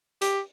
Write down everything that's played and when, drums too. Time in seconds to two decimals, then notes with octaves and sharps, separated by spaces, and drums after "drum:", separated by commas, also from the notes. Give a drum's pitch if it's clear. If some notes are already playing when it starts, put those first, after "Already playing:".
0.21 G4, drum: hi-hat